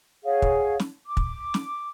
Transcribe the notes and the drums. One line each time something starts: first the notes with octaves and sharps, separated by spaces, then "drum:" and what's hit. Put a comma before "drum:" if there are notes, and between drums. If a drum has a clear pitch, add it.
G#4 C#5 F5 F#5
drum: kick
drum: snare
D6
drum: kick
drum: snare